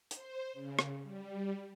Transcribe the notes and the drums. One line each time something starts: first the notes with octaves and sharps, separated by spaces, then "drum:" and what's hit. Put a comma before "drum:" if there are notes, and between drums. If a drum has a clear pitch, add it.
C5, drum: hi-hat
C#3
drum: rim click
G3